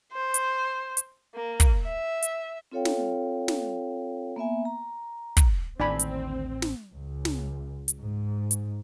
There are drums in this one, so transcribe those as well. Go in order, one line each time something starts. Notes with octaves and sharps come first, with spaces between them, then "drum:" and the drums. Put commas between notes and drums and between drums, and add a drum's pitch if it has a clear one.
C5
drum: hi-hat
drum: hi-hat
A#3
drum: kick, hi-hat
E5
drum: hi-hat
C4 F4 A4 C#5 F5 G5
drum: snare
drum: snare
A#3 B3 E5 G#5
A#5
drum: kick, hi-hat
A1 D#2 A2 D3 C4 D4 G#5 B5
drum: hi-hat
drum: snare
C#2
drum: snare
drum: hi-hat
G#2
drum: hi-hat